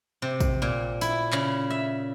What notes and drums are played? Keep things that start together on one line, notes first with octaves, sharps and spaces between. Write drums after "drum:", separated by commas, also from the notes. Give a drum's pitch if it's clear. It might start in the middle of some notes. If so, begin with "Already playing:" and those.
C3
drum: kick, tambourine
A#2
E4, drum: tambourine
C#3, drum: clap
E5